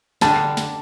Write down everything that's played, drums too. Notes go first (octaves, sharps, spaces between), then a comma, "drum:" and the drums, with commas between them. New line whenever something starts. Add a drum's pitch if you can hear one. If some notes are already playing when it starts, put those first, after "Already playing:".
D3 G3 D4 A5, drum: snare
drum: snare